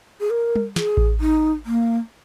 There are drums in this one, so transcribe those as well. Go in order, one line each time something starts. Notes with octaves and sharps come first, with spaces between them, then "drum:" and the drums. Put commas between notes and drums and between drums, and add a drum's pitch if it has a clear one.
G#4
A#4
drum: tom G3
G#4, drum: snare
drum: kick A1
D#4
A#3